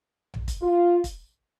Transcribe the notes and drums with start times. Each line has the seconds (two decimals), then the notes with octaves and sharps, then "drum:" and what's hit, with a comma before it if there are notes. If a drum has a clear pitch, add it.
0.34 drum: tom A#1
0.48 drum: kick, hi-hat
0.62 F4
1.04 drum: kick, hi-hat